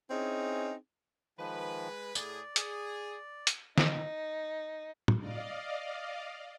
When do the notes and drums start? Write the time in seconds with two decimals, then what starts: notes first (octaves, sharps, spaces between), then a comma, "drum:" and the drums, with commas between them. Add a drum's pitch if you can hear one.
0.10 C4 C#4 D#4 E4 G#4
1.39 D#3 F3 G#3 B4
2.15 A2 G#4 D5, drum: tambourine
2.56 G#4, drum: hi-hat
3.47 drum: hi-hat
3.78 D#4, drum: snare
5.08 drum: tom
5.18 D5 D#5 F5